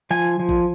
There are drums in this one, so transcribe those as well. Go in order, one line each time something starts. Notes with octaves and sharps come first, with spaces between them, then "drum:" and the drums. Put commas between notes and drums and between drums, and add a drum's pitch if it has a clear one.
F3 G#5
F3
drum: kick A1